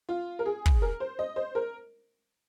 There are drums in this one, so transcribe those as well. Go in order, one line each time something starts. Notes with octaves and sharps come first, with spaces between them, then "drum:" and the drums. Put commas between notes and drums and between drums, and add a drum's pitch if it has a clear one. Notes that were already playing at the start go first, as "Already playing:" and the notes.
F4
A#4
G#4
drum: kick
A#4
C5
D#5
C5
A#4